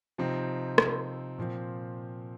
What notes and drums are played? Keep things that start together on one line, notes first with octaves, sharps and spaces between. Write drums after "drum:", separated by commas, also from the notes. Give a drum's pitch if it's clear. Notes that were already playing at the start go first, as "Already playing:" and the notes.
C3 F3 C4 D#4
drum: rim click
A#2 F3 C4